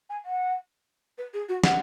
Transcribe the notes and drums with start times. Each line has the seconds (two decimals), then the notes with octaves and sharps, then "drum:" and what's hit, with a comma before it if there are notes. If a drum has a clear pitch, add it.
0.09 G#5
0.25 F#5
1.17 B4
1.33 G#4
1.48 F#4
1.64 F#5, drum: snare